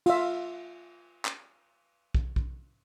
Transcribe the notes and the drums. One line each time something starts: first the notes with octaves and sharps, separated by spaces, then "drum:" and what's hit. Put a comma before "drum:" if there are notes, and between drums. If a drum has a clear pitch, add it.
F4 E5, drum: cymbal
drum: clap
drum: kick
drum: kick